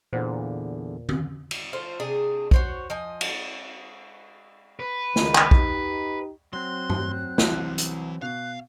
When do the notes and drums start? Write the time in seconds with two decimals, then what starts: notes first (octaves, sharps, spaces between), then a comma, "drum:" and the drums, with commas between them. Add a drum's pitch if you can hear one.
0.13 E2 A#2 D3 C5 F#5
1.09 drum: tom
1.51 drum: cymbal
1.73 F4 A4 C5
2.00 C3 D4 G#4
2.51 F#4 C5 C#5, drum: kick
2.90 F3 D#5 G#5
3.21 drum: cymbal
4.80 B4
5.16 C#2 D#3, drum: snare
5.35 drum: clap
5.51 D#4 G4, drum: kick
6.53 F#3 C4 C6 F#6
6.90 drum: tom G2
7.38 C2 E3 C6, drum: snare
7.78 drum: hi-hat
8.22 B2 F5 F#6